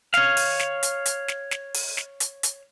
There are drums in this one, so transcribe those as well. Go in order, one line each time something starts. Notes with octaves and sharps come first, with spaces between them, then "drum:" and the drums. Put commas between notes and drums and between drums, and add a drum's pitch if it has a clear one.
C#5 F5, drum: snare
drum: open hi-hat
drum: snare
drum: hi-hat
drum: hi-hat
drum: snare
drum: snare
drum: open hi-hat
drum: snare
drum: hi-hat
drum: hi-hat